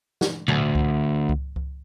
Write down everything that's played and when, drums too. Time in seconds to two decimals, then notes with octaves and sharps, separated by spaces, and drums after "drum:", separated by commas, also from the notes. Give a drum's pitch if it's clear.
0.21 drum: snare
0.48 D2, drum: tom A2
0.75 drum: kick C#2
1.29 drum: kick C#2
1.56 drum: kick C#2